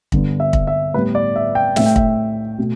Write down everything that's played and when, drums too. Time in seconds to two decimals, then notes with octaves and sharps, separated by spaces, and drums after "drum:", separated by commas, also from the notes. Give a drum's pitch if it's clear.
0.12 G2 D3 B3, drum: kick
0.40 E5
0.53 drum: kick
0.67 E5
0.94 A2 G3 B3 B4
1.15 D5
1.36 E5
1.55 G5
1.76 A2 A3 E5, drum: snare
1.86 G5
1.96 E5, drum: kick
2.58 B2 A3